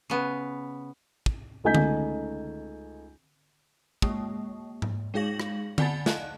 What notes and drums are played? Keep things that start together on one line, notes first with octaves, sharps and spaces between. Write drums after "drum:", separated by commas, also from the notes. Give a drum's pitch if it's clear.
C#3 B3
drum: kick
C#2 A3 D#4 G#5 G6 B6
drum: tom D3
G#3 A#3, drum: kick
drum: tom G#2
G#3 D#4 G#4 F5 A#6 F#7
drum: rim click
D5 F#5 G#5 A5 B5 A6, drum: tom D3
D#5 F5 A5 F#6, drum: snare